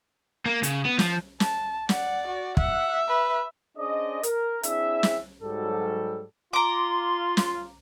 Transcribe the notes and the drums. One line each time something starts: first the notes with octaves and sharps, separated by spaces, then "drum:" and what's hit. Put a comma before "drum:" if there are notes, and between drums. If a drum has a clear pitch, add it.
A#3
C#3, drum: hi-hat
B3
F3, drum: snare
A5, drum: snare
D5 F#5, drum: snare
F#4
E5 F#5, drum: kick
B4
C#4 D4 G#4 C5 D5 D#5
A#4, drum: hi-hat
C4 D4 E4 G#4 E5, drum: hi-hat
drum: snare
G#2 F#3 G3 A4
F4 A#5 C6 D6
drum: snare